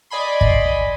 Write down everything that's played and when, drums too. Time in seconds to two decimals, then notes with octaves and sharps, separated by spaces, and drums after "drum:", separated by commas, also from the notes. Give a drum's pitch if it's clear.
0.10 D5 D#5 G#5 B5 C6
0.41 drum: kick